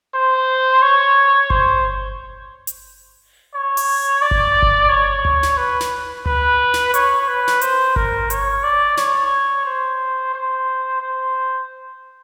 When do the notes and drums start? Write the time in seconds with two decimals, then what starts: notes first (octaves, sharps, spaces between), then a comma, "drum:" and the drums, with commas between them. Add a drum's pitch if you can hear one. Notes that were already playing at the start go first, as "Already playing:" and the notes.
0.14 C5
0.82 C#5
1.50 C5, drum: kick G1
2.67 drum: hi-hat
3.54 C#5
3.77 drum: open hi-hat
4.22 D5
4.31 drum: kick G1
4.62 drum: kick G1
4.89 C#5
5.25 drum: tom D2
5.43 drum: snare
5.57 B4
5.80 drum: snare
6.26 B4, drum: tom D2
6.74 drum: snare
6.94 C#5, drum: hi-hat
7.28 B4
7.48 drum: snare
7.61 C5, drum: hi-hat
7.96 A#4, drum: kick G1
8.30 C#5, drum: hi-hat
8.64 D5
8.97 C#5, drum: snare
9.66 C5
10.34 C5
11.01 C5